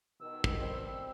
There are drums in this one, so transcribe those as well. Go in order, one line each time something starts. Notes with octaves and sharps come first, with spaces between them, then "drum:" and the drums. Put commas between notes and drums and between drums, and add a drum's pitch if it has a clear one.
B2 D#3 E6
drum: kick
G3 C4 C5